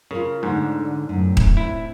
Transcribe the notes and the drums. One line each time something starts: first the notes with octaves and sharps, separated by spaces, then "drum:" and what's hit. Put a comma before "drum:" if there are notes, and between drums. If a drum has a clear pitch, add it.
C#3 F4 A#4
G#2 D3 A3 C#5 F#5
F#2 A2
drum: kick D#1
C4 D4 E4